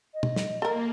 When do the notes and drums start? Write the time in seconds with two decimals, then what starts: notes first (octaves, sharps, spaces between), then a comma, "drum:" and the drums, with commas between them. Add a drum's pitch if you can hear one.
0.14 D#5
0.23 drum: tom
0.36 drum: snare
0.62 A#3 A4 A#4